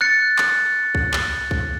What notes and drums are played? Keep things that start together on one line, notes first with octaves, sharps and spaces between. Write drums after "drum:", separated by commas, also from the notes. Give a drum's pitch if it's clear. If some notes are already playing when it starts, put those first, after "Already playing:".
F#6 A6 C#7
drum: clap
drum: kick C2
drum: clap
drum: kick C2